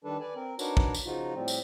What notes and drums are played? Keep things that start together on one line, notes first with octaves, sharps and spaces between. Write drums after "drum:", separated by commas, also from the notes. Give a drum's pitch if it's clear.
D#3 G3 D4 A4 B4
B4 D5 G#5
C4 A#4
D4 D#4 F#4 A#4 B4 C#5, drum: tambourine
drum: kick
drum: tambourine
C#3 F3 D#4 F4 F#4
A2 F3 G3 C4
drum: tambourine